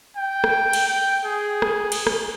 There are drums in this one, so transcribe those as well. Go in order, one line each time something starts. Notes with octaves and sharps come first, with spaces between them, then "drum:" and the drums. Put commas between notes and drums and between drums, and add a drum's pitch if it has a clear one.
G5
drum: rim click
drum: cymbal
G5
G#4
drum: rim click
drum: cymbal
drum: rim click